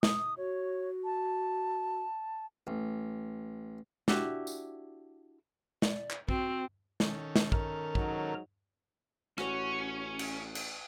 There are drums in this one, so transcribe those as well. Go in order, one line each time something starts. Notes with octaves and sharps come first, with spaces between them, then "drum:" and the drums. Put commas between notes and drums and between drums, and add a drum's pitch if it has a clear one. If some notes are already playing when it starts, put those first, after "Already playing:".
D#6, drum: snare
F#4 C#5
A5
A1
D4 E4 F#4 G4, drum: snare
drum: tambourine
D5, drum: snare
drum: clap
C4 F#4, drum: kick
D#3 C#4 A4, drum: snare
drum: snare
A#4 A#5, drum: kick
G#2 F#3 D#4, drum: kick
A1 C#4 F#4 C#5, drum: rim click
drum: cymbal
drum: cymbal